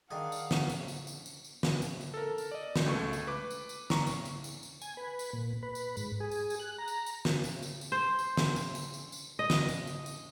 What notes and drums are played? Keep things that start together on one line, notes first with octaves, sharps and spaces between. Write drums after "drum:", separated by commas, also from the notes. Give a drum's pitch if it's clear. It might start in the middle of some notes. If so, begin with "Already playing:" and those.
D#3 D4 G#4 F5 F#5
drum: tambourine
drum: snare
drum: tambourine
drum: tambourine
drum: tambourine
drum: tambourine
drum: tambourine
drum: snare
drum: tambourine
drum: tambourine
A4 A#4
drum: tambourine
D5 D#5
drum: snare
C#2 A3 C#6
drum: tambourine
B4 D6
drum: tambourine
drum: tambourine
A#5 C#6, drum: snare
drum: tambourine
drum: tambourine
drum: tambourine
drum: tambourine
G#5, drum: tambourine
B4
drum: tambourine
A#2
B4
drum: tambourine
G#2, drum: tambourine
G#4
drum: tambourine
drum: tambourine
F#6
A#5
drum: tambourine
drum: tambourine
drum: snare
drum: tambourine
drum: tambourine
drum: tambourine
C5
drum: tambourine
drum: snare
drum: tambourine
drum: tambourine
drum: tambourine
drum: tambourine
D#5
drum: snare
drum: tambourine
drum: tambourine
drum: tambourine